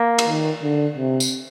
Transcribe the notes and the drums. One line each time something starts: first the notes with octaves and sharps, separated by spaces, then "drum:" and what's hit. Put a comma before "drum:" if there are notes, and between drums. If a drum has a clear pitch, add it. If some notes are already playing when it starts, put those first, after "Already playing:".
Already playing: A#3
drum: cymbal
D#3
D3
C3
drum: tambourine